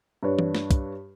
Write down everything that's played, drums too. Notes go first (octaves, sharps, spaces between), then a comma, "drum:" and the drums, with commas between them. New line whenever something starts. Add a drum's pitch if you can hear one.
G2 D4 B4 C#5
drum: tom E3
drum: snare
drum: kick, hi-hat